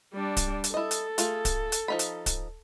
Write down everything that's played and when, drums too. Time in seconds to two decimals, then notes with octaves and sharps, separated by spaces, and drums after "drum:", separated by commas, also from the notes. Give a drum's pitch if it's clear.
0.14 G3 D4
0.37 drum: kick D1, hi-hat
0.64 drum: hi-hat
0.74 E4 A4 D#5
0.91 drum: hi-hat
1.18 A3 F4 G#4, drum: hi-hat
1.45 drum: kick D1, hi-hat
1.72 drum: hi-hat
1.88 F3 D#4 B5
1.99 drum: hi-hat
2.26 drum: kick D1, hi-hat